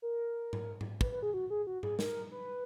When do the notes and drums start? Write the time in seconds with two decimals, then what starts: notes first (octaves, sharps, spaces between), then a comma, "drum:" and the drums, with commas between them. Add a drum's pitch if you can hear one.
0.02 A#4
0.53 drum: tom G#2
0.81 drum: tom G#2
1.01 B4, drum: kick
1.11 B4
1.23 G#4
1.34 F#4
1.50 G#4
1.67 F#4
1.83 G#4, drum: tom G#2
1.99 A#4, drum: snare
2.32 B4